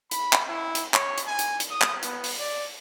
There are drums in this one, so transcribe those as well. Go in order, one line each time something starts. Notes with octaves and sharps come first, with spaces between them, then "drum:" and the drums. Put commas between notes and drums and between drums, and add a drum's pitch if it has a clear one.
B5, drum: hi-hat
drum: clap
E4
drum: hi-hat
C#5, drum: clap
drum: hi-hat
G#5
drum: hi-hat
drum: hi-hat
D#6
drum: clap
B3, drum: hi-hat
drum: open hi-hat
D5